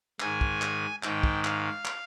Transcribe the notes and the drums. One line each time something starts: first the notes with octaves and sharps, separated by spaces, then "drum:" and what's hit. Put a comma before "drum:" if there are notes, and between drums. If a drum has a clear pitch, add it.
G#2 D#3 G#5, drum: clap
drum: kick
drum: clap
G#2 D#3 G5, drum: clap
drum: kick
F5, drum: clap
drum: clap